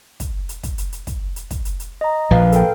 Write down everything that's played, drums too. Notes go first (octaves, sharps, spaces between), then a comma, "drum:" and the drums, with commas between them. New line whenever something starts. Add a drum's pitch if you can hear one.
drum: kick, hi-hat
drum: hi-hat
drum: kick, hi-hat
drum: hi-hat
drum: hi-hat
drum: kick, hi-hat
drum: hi-hat
drum: kick, hi-hat
drum: hi-hat
drum: hi-hat
D#5 A#5
A#1 F3 B4 F5
A4 A#4 G5, drum: hi-hat